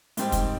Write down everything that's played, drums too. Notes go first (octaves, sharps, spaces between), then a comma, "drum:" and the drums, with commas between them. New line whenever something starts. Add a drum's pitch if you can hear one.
G#2 D#3 G3 C4, drum: hi-hat
drum: kick, hi-hat